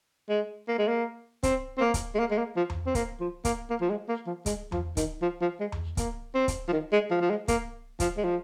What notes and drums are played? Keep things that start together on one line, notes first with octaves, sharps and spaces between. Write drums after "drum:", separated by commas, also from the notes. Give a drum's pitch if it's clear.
G#3
A#3
G#3
A#3
C4, drum: kick, hi-hat
C4
A#3
drum: kick, hi-hat
G#3
A#3
G#3
A#3
F3
drum: tom E2
C4
A#3, drum: kick, hi-hat
F3
A#3, drum: kick, hi-hat
A#3
F3
G#3
A#3
F3
G#3, drum: kick, hi-hat
F3, drum: tom E2
D#3, drum: kick, hi-hat
F3
F3
G#3
drum: tom E2
A#3, drum: kick, hi-hat
C4
drum: kick, hi-hat
F3
D#3
G#3
F3
F3
G#3
A#3, drum: kick, hi-hat
F3, drum: kick, hi-hat
G#3
F3